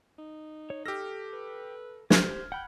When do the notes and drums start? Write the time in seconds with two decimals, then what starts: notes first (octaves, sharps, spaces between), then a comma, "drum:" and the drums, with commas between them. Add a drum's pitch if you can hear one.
0.19 D#4
0.70 C#5
0.86 G4 A4 E6 F6 A#6
1.33 B4
2.10 G4 C5 F6 G#6, drum: snare
2.52 F#5 G5 B5 F#6